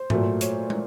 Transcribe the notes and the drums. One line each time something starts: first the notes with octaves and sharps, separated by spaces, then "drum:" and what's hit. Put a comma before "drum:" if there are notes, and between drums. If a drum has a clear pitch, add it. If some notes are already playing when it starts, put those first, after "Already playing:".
Already playing: C5
A#2 F#3 A3, drum: tom G#2
C#5, drum: hi-hat
drum: tom